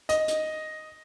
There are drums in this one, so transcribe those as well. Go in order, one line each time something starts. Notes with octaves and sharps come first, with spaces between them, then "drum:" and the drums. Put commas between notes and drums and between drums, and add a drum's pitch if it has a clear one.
D#5, drum: hi-hat
drum: hi-hat